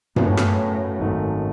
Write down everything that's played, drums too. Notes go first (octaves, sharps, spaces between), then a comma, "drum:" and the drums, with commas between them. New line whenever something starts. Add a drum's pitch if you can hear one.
F#2 A2 C#3 F#3 B3, drum: tom G2
drum: rim click
G#1 F#2 D#3 A3 D#4